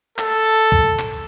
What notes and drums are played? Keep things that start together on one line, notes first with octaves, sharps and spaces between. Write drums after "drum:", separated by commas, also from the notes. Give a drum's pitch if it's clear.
A4, drum: clap
drum: kick C2
drum: clap